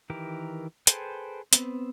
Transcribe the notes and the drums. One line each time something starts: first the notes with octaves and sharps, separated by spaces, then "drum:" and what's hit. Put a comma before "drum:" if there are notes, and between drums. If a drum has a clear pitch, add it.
D#3 E3 G4 A#4
G#4 A4 B4 C5 G5, drum: hi-hat
B3 C4, drum: hi-hat